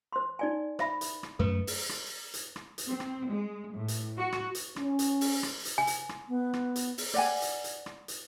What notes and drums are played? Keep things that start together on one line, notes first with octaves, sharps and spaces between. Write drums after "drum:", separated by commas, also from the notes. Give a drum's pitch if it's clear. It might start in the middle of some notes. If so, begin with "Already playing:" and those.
C5 C6
D#4 D5 G#5
C5 E5 B5, drum: rim click
drum: hi-hat
drum: rim click
F#2 A3 A4 B4
drum: open hi-hat
drum: rim click
drum: hi-hat
drum: rim click
drum: hi-hat
C4
drum: rim click
G#3
A2
drum: hi-hat
F#4
drum: rim click
drum: hi-hat
C#4, drum: rim click
drum: hi-hat
drum: open hi-hat
drum: rim click
drum: hi-hat
G#5
drum: hi-hat
drum: rim click
B3
drum: rim click
drum: hi-hat
drum: open hi-hat
D5 F#5 G#5
drum: hi-hat
drum: hi-hat
drum: rim click
drum: hi-hat